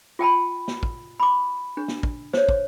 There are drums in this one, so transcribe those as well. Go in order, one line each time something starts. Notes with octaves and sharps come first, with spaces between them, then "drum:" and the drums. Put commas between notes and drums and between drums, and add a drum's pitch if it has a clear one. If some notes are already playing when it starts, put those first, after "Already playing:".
F4 G5 A5 B5
drum: snare
drum: kick
B5 D6
D4
drum: snare
drum: kick
C5 C#5, drum: snare
drum: kick